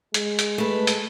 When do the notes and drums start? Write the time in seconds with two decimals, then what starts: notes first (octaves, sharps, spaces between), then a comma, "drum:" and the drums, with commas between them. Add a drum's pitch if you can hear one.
0.14 G#3, drum: hi-hat
0.39 drum: hi-hat
0.58 A3 B4
0.87 drum: hi-hat